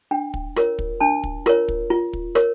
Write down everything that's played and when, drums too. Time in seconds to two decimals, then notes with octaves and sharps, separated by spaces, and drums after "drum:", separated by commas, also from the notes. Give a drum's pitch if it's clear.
0.11 D4 G5
0.34 drum: kick
0.56 F4 A#4 C#5, drum: rim click
0.79 drum: kick
1.00 D4 A5
1.24 drum: kick
1.46 F4 A#4 C#5, drum: rim click
1.68 drum: kick
1.90 F4
2.13 drum: kick
2.35 A#4 C#5, drum: rim click